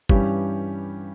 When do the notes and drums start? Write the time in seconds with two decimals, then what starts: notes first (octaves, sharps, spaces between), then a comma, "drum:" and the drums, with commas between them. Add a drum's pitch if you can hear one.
0.09 G2 E3 G3 C#4 G4, drum: kick